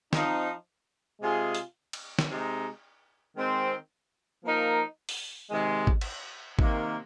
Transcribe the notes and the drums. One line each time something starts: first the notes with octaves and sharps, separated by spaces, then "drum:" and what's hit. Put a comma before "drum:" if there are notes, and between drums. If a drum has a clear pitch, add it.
F3 C4 D#4, drum: snare
C3 G#3 F4 G#4
drum: hi-hat
drum: cymbal
drum: snare
C3 G#3 D#4
D#3 G#3 C4
F3 A#3 D#4 A#4
drum: open hi-hat
C3 D#3 G#3
drum: kick
drum: cymbal
C3 D#3 A#3, drum: kick